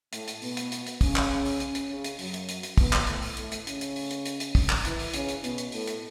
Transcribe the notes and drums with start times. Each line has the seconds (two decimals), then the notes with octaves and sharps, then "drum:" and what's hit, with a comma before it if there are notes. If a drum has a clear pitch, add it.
0.13 A2 A3, drum: hi-hat
0.28 drum: hi-hat
0.42 B2 B3, drum: open hi-hat
0.57 drum: hi-hat
0.72 drum: hi-hat
0.87 drum: hi-hat
1.01 C#3 C#4, drum: kick, open hi-hat
1.16 drum: clap
1.46 drum: open hi-hat
1.60 drum: hi-hat
1.75 drum: hi-hat
1.90 C#3 C#4
2.04 drum: hi-hat
2.19 F#2 F#3, drum: open hi-hat
2.34 drum: hi-hat
2.49 drum: hi-hat
2.63 drum: hi-hat
2.78 B2 B3, drum: kick, open hi-hat
2.93 drum: clap
3.07 A2 A3, drum: hi-hat
3.22 drum: open hi-hat
3.37 A2 A3, drum: hi-hat
3.52 drum: hi-hat
3.67 C#3 C#4, drum: hi-hat
3.81 drum: hi-hat
3.96 drum: open hi-hat
4.11 drum: hi-hat
4.25 drum: hi-hat
4.40 drum: hi-hat
4.55 drum: kick, open hi-hat
4.70 drum: clap
4.85 E3 E4, drum: hi-hat
4.99 drum: open hi-hat
5.14 C#3 C#4, drum: hi-hat
5.29 drum: hi-hat
5.44 B2 B3, drum: hi-hat
5.58 drum: hi-hat
5.72 A2 A3, drum: open hi-hat
5.88 drum: hi-hat